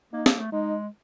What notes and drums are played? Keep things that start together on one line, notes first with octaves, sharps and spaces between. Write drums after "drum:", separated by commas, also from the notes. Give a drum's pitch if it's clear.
A#3 D#4
A#3, drum: snare
A3
G#3 D#4